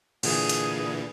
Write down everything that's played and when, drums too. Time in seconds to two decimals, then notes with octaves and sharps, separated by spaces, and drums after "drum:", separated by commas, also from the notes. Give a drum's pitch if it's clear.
0.23 A#2 D3 E3 G#4, drum: cymbal
0.49 drum: hi-hat